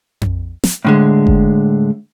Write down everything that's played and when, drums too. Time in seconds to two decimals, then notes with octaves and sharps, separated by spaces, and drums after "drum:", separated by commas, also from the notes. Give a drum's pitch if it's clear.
0.21 drum: tom F2
0.64 drum: snare
0.85 A2 D3 G#3
1.27 drum: kick F#1